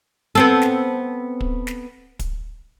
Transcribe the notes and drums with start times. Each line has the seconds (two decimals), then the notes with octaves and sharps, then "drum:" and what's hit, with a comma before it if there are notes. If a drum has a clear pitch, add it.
0.35 B3 C4 A4
0.62 drum: snare
1.40 drum: kick
1.67 drum: snare
2.19 drum: kick, hi-hat